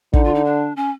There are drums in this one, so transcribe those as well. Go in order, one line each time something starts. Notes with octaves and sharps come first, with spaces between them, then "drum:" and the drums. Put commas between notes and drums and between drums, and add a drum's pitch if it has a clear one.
D3 D#4, drum: kick
F4
D#4
D4
C#4